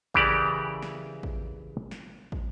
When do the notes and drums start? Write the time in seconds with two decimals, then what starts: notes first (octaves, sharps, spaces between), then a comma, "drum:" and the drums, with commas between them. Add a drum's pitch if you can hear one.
0.14 C#3 E3 E4 G4 A#4 D5, drum: kick
0.82 drum: snare
1.23 drum: kick
1.91 drum: snare
2.32 drum: kick